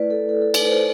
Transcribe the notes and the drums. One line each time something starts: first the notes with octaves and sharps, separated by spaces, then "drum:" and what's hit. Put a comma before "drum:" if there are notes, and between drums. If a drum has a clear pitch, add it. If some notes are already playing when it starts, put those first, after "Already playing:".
Already playing: A3 E4 B4 D5
A4
A4
A4
B4, drum: cymbal
C5